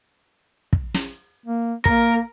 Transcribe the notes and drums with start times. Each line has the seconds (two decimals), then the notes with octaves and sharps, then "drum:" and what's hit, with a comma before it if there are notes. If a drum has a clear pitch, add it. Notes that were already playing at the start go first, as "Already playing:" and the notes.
0.73 drum: kick
0.94 drum: snare
1.46 A#3
1.85 A#3 A#4, drum: kick